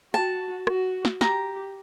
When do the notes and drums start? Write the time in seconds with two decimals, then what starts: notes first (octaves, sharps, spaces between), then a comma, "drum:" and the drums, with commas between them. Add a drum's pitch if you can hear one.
0.14 F#4 A5
0.67 F#4, drum: rim click
1.05 drum: snare
1.21 G4 A#5, drum: snare